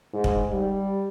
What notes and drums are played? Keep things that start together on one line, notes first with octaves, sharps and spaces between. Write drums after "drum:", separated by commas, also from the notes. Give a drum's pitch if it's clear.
G#2
drum: kick
G3